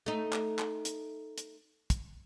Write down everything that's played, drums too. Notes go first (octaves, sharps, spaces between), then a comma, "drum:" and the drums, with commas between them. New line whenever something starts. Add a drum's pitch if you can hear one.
A3 D#4
drum: clap
drum: clap
drum: hi-hat
drum: hi-hat
drum: kick, hi-hat